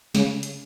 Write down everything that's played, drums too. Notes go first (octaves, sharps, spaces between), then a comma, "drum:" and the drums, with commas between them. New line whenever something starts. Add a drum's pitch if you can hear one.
C#3, drum: snare
drum: hi-hat